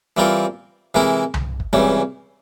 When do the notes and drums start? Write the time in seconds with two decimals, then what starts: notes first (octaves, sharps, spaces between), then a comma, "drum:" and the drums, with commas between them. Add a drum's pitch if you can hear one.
0.17 E3 G3 C4 F4 A#4
0.94 C3 E3 G#3 E4 A#4
1.34 drum: tom C2
1.60 drum: kick
1.73 C#2 C3 E3 G3 C#4